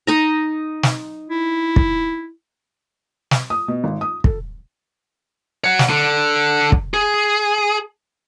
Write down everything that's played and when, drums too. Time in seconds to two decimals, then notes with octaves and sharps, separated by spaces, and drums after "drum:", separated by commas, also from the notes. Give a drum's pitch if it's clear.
0.07 D#4 D#5 A#5
0.83 drum: snare
1.30 E4
1.76 drum: kick
3.31 drum: snare
3.50 D#6
3.68 B2
3.84 G#1
4.01 D#6
4.24 A4, drum: kick
5.64 C#5 F#5
5.79 drum: snare
5.90 D3
6.72 drum: kick
6.94 G#4